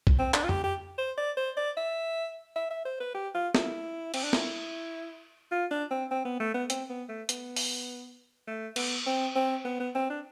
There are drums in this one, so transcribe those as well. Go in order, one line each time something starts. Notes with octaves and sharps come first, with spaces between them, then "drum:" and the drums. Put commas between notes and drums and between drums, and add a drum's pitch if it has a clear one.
drum: kick
C4
D4, drum: clap
F4
G4, drum: tom F2
G4
C5
D5
C5
D5
E5
E5
E5
C5
B4
G4
F4
E4, drum: snare
C4, drum: cymbal
D4
E4, drum: snare
F4
D4
C4
C4
B3
A3
B3
C4, drum: hi-hat
B3
A3
B3, drum: hi-hat
drum: open hi-hat
A3
B3, drum: cymbal
C4
C4
B3
B3
C4
D4